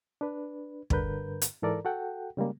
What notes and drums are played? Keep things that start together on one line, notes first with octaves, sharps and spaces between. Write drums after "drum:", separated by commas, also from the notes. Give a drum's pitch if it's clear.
D4 B4
G2 D3 A#4 B4 G6, drum: kick
drum: hi-hat
G#2 E3 A4 A#4 D5 A#5
F#4 A4 F#5 G5
C#3 G3 G#3 A#3